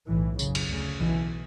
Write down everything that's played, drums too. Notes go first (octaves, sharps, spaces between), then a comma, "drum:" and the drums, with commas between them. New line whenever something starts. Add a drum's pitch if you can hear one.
B1 A2 E3
F#1 F#2 C#3, drum: tambourine
drum: cymbal
D2 C#3
B1 B2 E3